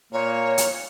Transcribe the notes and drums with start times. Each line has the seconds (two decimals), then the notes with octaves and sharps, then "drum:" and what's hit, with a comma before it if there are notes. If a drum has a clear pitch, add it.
0.13 A#2 A#3 C#5
0.58 drum: hi-hat